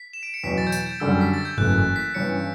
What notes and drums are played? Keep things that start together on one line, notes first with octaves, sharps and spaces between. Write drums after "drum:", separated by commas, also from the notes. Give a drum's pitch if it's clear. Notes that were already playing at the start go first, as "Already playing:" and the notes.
Already playing: B6
E7
D7
C#7
E2 B2 F#3 B6
A6
G6
A6, drum: tambourine
G6
F#2 D3 G3 E6
B6
A6
G6
F#1 F#2 E3 A3 F#6, drum: tom G2
B6
G2 E3 G3 C#4 C#7